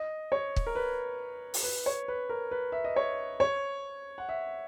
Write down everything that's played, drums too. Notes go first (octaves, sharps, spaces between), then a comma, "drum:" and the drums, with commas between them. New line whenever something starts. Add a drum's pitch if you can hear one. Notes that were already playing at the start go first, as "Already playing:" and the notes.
Already playing: D#5
C#5
drum: kick
A#4
B4
drum: open hi-hat
B4
C#5
B4
A#4
B4
E5
D#5
C#5
C#5
F#5
E5